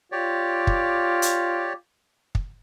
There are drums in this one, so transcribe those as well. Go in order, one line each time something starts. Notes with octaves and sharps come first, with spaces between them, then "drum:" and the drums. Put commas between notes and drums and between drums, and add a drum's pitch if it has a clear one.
F4 G4 C#5 D5
drum: kick
drum: hi-hat
drum: kick